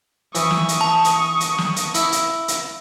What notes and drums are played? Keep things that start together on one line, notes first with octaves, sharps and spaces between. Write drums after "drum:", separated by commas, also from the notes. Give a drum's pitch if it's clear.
E3 C#6 D#6, drum: hi-hat
drum: snare
drum: hi-hat
A5
drum: hi-hat
drum: hi-hat
drum: snare
drum: hi-hat
E4, drum: hi-hat
drum: hi-hat
drum: hi-hat